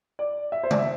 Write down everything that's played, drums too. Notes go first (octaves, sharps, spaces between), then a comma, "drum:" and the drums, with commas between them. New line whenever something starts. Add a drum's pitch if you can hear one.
D5
E5
C5
D5, drum: tom C#3
E5